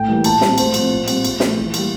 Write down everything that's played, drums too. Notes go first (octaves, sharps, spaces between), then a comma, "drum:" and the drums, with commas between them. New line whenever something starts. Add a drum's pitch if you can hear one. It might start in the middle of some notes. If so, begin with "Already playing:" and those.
Already playing: A2 G5
E3 G3 A#3
A#2 A5, drum: cymbal
G3 C4, drum: snare
A2 C5, drum: cymbal
F3 C4, drum: cymbal
A#2
G3 C4, drum: cymbal
A#2, drum: cymbal
F3 A3, drum: snare
E3
G3 A#3, drum: cymbal